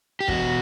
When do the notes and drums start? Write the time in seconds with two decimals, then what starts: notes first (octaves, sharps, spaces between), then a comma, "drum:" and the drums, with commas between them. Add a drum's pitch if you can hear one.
0.20 G4
0.28 E2 B2 F#4, drum: kick